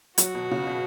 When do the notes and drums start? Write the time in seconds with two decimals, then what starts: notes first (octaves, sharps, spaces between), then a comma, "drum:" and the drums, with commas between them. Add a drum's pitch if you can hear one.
0.18 F#3 F#4, drum: hi-hat
0.35 B2
0.51 C#3
0.67 B2